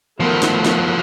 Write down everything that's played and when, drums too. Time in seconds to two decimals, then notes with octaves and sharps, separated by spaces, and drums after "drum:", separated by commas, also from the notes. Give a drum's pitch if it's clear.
0.20 D#3 F3 F#3 A3 B3
0.43 drum: snare
0.66 drum: snare